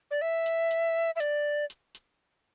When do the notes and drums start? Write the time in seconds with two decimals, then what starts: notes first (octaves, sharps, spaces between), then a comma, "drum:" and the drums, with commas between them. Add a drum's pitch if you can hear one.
0.11 D5
0.22 E5
0.46 drum: hi-hat
0.71 drum: hi-hat
1.16 E5
1.20 D5, drum: hi-hat
1.70 drum: hi-hat
1.95 drum: hi-hat